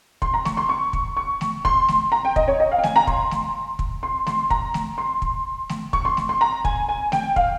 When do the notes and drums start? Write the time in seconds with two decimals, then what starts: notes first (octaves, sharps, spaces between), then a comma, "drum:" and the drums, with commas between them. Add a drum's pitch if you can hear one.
0.22 C6, drum: kick
0.34 A#5
0.45 C#6, drum: snare A3
0.57 C6
0.69 C#6
0.93 drum: kick
1.17 C#6
1.41 drum: snare A3
1.65 C6, drum: kick
1.88 drum: snare A3
2.12 A#5
2.25 G5
2.36 D#5, drum: kick
2.48 C#5
2.60 D#5
2.72 F5
2.78 G5
2.83 G#5, drum: snare A3
2.96 A#5
3.07 C6, drum: kick
3.31 drum: snare A3
3.79 drum: kick
4.03 C6
4.27 C6, drum: snare A3
4.50 A#5, drum: kick
4.74 drum: snare A3
4.98 C6
5.22 drum: kick
5.69 drum: snare A3
5.93 C#6, drum: kick
6.05 C6
6.17 drum: snare A3
6.29 C6
6.41 A#5
6.65 G#5, drum: kick
6.89 G#5
7.12 G5, drum: snare A3
7.36 F5, drum: kick